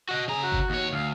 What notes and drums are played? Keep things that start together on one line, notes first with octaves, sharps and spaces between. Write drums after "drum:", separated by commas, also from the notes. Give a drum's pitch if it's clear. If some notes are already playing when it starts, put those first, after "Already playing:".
F#4 D#5 F#5
C#3 G#4 A#5
F#4
drum: kick G1
D#2 C#5
D2 F5